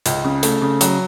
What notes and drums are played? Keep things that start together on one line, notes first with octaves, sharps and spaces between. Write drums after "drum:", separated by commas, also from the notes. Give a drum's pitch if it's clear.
C#2, drum: hi-hat
C#3
A3, drum: hi-hat
C#3
F#3, drum: hi-hat